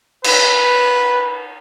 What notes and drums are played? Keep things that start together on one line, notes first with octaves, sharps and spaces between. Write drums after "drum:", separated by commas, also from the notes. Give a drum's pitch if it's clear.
B4, drum: cymbal